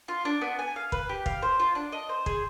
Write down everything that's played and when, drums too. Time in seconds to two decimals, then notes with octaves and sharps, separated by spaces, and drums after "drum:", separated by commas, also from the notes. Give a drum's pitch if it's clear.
0.08 F4
0.25 D4
0.41 B3
0.59 G#5
0.76 F5
0.92 B4, drum: kick
1.09 G4
1.26 F5, drum: kick
1.42 C5
1.60 F4
1.75 D4
1.92 D#5
2.09 C5
2.26 G#4, drum: kick